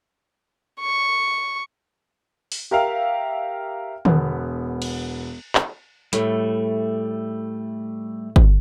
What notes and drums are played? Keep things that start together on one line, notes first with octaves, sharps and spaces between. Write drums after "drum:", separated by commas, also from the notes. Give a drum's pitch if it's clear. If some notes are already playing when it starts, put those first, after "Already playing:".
C#6
drum: open hi-hat
G4 A#4 E5 F5
E1 B3, drum: tom D3
drum: cymbal
drum: clap
A2 G3 A3, drum: hi-hat
drum: kick G1